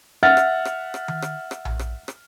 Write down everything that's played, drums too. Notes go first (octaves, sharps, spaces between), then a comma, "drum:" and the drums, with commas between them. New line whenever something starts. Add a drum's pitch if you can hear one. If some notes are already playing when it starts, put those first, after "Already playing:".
E5 F#5 F6 A6
drum: rim click
drum: rim click
drum: rim click
drum: tom D#3
drum: rim click
drum: rim click
drum: tom A#1
drum: rim click
drum: rim click